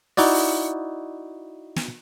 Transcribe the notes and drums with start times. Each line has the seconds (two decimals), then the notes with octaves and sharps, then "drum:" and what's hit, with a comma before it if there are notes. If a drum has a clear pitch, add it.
0.17 D#4 E4 F#4 D5, drum: open hi-hat
0.34 drum: open hi-hat
1.76 drum: snare